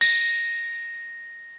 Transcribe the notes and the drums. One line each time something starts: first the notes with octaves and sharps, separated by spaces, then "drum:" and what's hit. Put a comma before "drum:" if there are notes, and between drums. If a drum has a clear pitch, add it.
A#6, drum: cymbal